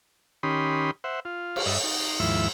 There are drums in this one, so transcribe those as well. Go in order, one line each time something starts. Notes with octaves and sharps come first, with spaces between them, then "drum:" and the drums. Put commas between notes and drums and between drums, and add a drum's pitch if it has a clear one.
D#3 C#4 G4 B5 C6 D#6
C5 E5 F#5
F4
drum: cymbal
G2 D#5 E5
D#4
D#2 G#2 F3 E4 E5